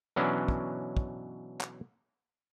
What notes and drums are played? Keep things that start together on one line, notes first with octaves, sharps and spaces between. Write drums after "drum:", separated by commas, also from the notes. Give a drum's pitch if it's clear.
B2 E3 F#3 C#4 D4
drum: kick
drum: kick
drum: clap